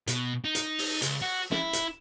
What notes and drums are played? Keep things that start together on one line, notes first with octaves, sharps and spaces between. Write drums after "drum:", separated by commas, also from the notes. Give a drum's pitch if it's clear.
B2, drum: hi-hat
D#4
drum: hi-hat
drum: open hi-hat
C#2, drum: hi-hat
F#4
E4, drum: snare
drum: hi-hat